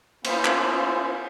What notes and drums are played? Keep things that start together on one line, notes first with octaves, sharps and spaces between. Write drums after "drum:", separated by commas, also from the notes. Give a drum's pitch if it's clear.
A#3 B3 C#4 E4 F4 C5, drum: cymbal
drum: clap